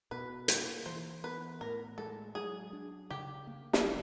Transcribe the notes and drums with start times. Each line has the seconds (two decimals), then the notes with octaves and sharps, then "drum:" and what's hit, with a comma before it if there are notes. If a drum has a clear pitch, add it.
0.11 B2 B4
0.48 A#3, drum: hi-hat
0.86 E3 C5
1.24 B3 B4
1.61 A2 A#4
1.98 G#3 A4
2.35 F#3 G#4
2.73 D4
3.10 C#3 G4
3.47 A#3
3.73 drum: snare
3.85 F#3